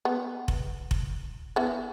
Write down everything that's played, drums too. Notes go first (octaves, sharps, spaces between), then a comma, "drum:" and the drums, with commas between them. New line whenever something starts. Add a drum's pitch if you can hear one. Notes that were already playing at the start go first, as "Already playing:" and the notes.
B3
drum: kick F1
drum: kick F1
E3 B3